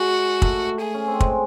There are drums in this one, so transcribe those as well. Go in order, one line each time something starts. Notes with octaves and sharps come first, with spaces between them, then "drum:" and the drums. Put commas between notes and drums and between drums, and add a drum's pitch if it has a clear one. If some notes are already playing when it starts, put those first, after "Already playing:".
Already playing: G#3 F#4
A3, drum: kick
G#4
C#4
C4
G#3, drum: kick